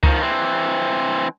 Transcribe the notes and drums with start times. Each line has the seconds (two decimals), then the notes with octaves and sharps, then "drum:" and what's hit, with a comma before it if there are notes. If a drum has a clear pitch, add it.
0.03 D#3 F3, drum: kick C#2
0.22 E3 C4